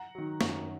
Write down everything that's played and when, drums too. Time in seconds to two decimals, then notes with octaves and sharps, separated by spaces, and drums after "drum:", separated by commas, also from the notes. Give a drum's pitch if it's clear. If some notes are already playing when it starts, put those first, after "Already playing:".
Already playing: F#5 A#5
0.15 D#3 F#3
0.41 F#2, drum: snare